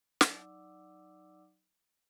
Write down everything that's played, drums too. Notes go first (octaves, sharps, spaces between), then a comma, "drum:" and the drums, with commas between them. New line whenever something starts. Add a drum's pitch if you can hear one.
F#3 D#4 D5 F#5 D6 E6, drum: snare